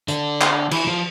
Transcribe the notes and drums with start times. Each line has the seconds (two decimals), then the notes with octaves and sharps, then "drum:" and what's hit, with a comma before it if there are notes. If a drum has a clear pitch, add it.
0.08 D3 D4, drum: hi-hat
0.41 drum: clap
0.71 E3 E4, drum: cymbal
0.87 F3 F4